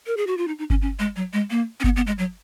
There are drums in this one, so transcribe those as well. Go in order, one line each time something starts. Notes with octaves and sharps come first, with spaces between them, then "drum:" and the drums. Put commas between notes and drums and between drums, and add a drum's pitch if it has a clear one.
A#4
G#4
F#4
F4
D#4
D#4
C#4, drum: kick G1
C#4
G#3
F#3
G#3
A#3
C#4
B3, drum: kick G1
B3
G#3
F#3